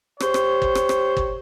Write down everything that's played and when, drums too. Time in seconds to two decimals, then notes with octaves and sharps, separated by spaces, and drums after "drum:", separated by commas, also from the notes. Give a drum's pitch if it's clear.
0.20 G4 C5 C#5, drum: rim click
0.34 drum: rim click
0.62 drum: kick G1
0.75 drum: rim click
0.89 drum: rim click
1.17 drum: kick G1